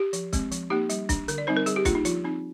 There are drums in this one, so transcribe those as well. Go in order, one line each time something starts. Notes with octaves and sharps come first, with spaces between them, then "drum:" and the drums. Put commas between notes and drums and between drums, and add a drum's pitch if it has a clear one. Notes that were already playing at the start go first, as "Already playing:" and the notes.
Already playing: G4
F3, drum: hi-hat
G#3 C4, drum: kick, hi-hat
F3, drum: hi-hat
A#3 D#4 G4
G3, drum: hi-hat
D4, drum: kick, hi-hat
D3 A#4, drum: hi-hat
D5
G3 C4 D#4 C5
A#4
G3 G#4, drum: hi-hat
G4
A#3 D4 F4, drum: kick, hi-hat
D#4
F3 F4, drum: hi-hat
C4 D#4